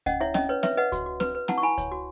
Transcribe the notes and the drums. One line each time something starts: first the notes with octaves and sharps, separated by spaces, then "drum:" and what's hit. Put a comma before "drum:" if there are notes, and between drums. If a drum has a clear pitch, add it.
C#4 D#5 F#5, drum: kick C#2, hi-hat
E4 C#5 E5
C#4 D#5, drum: snare C4
B4 C#5
B4 C#5 E5, drum: snare C4
B4 D#5 F#5
F#4, drum: kick C#2, hi-hat
F#4
B4, drum: snare C4
B4
E4 F#5 A5, drum: snare C4
C#6
E4 G#5 B5
C#5, drum: kick C#2, hi-hat
F#4